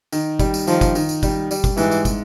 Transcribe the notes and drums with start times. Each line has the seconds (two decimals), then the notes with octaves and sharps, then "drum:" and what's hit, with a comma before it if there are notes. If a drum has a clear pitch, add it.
0.12 D#3, drum: tambourine
0.39 G3, drum: kick, tambourine
0.54 drum: tambourine
0.67 D#3 F3, drum: tambourine
0.81 drum: kick, tambourine
0.95 D#3, drum: tambourine
1.09 drum: tambourine
1.23 G3, drum: kick, tambourine
1.51 G3, drum: tambourine
1.64 drum: kick, tambourine
1.77 G#2 E3, drum: tambourine
1.91 drum: tambourine
2.05 drum: kick, tambourine